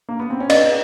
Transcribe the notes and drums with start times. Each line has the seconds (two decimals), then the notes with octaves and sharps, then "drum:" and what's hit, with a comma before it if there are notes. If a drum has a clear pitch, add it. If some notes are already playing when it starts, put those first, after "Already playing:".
0.09 A#3
0.20 B3
0.30 C4
0.40 C#4
0.50 D4 D#5, drum: cymbal